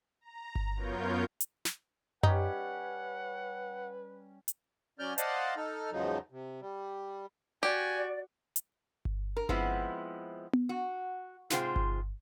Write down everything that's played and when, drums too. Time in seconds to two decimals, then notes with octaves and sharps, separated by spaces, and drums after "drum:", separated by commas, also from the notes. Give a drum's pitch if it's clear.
0.21 A#5
0.55 drum: kick G1
0.75 F#2 B3 F4 A#4 C#5 G6
1.40 drum: hi-hat
1.65 drum: snare
2.23 G3 C#4 D#4 B4 F#5, drum: tom F#2
4.48 drum: hi-hat
4.99 F#3 C#4 D5 F6 G6
5.18 C5 D5 D#5 F5 F#5 A5, drum: hi-hat
5.57 D#4 A4 F6
5.92 E2 G#2 C#3 F3 F#3 D#4
6.31 C3
6.61 G3
7.63 F#4 G4 D5 G#5
8.56 drum: hi-hat
9.05 drum: kick G1
9.37 A#4
9.49 F3 G#3 B3 C4 E4, drum: kick G1
10.53 drum: tom B3
10.69 F#4
11.50 G#2 C3 F4 G#4 C5 G5, drum: snare
11.76 drum: kick G1